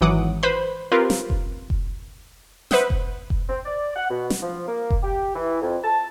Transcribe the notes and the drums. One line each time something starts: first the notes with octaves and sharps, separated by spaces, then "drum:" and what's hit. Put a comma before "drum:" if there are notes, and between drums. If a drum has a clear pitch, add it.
G#1 E3 F#3 F#5 D6 D#6
B4 C5 B5
C4 F4 G4 A#4 B4
drum: snare
drum: kick F1
drum: kick F1
B4 C5 E5 F#5 D#6, drum: snare
drum: kick F1
drum: kick F1
C4
D5
F#5
B2
drum: snare
F3
A#3
drum: kick F1
G4
E3
F2
A5